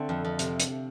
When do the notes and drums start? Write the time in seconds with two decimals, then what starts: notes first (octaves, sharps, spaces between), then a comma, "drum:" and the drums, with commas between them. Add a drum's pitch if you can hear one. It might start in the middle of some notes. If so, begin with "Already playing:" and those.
Already playing: D3 A3 C4 D4
0.09 F2
0.25 F2
0.39 C3, drum: hi-hat
0.60 drum: hi-hat